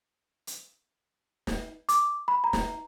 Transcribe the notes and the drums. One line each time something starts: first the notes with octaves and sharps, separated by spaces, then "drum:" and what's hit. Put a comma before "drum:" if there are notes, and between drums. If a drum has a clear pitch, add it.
drum: hi-hat
drum: snare
D6, drum: hi-hat
B5
A#5
drum: snare